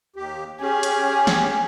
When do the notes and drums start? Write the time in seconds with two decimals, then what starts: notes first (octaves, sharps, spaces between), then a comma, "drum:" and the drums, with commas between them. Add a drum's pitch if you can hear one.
0.16 D#2 G4
0.61 C#4 G4 G#4
0.83 drum: hi-hat
1.27 drum: snare